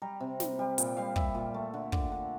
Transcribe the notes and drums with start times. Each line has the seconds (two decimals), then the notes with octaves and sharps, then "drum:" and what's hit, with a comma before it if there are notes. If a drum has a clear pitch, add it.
0.02 G3 A#5
0.20 C3
0.40 G3, drum: snare
0.59 G3
0.78 A#2 G5, drum: hi-hat
0.97 G3 F5
1.16 G3 E5, drum: kick
1.35 A#2
1.54 A3
1.74 D3
1.92 D3 D5, drum: kick
2.12 D3